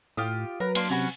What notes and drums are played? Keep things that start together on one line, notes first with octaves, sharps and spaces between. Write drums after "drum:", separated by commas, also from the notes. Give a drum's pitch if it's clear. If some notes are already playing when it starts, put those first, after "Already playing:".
A2 F4 G4 D#6
F#3 A#4 B4
A#3 D4 C6, drum: cymbal
C3 C#4 F#4 B4